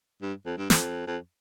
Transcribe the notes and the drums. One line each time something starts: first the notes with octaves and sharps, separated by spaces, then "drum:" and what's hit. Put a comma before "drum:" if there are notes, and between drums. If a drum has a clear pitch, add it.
G2
F2
G2
F2, drum: snare
F2